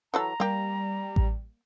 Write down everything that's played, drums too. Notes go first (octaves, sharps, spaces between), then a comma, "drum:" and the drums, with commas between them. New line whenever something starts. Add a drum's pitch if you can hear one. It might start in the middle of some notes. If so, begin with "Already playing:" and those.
E3 F#3 A4 A#5
G3 A#3 G4
drum: kick A1